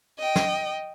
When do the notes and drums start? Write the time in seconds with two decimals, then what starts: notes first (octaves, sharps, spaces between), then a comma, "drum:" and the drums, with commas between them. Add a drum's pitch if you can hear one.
0.19 D#5 G5
0.36 drum: snare